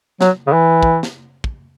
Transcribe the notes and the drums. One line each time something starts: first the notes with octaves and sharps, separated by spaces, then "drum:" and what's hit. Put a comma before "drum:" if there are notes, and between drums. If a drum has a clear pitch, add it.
F#3, drum: snare
C#3
E3
drum: kick
drum: snare
drum: kick